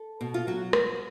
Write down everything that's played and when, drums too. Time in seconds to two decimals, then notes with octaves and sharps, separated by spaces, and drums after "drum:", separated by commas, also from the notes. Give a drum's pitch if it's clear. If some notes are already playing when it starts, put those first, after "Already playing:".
Already playing: A4
0.21 B2
0.34 F4
0.47 F#3 F#4
0.73 drum: rim click